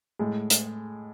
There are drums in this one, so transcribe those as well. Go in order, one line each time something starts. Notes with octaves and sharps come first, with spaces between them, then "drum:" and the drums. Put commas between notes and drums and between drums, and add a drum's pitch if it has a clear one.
A2 G#3
drum: hi-hat